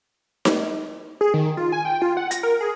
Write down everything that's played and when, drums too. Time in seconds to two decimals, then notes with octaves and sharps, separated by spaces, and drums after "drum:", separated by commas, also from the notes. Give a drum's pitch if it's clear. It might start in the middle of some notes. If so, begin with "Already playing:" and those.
0.45 drum: snare D#4
1.21 G#4
1.34 D#3
1.57 F4
1.72 G#5
1.85 G5
2.02 F4
2.17 F#5
2.31 A#6, drum: hi-hat
2.43 A#4
2.61 G#4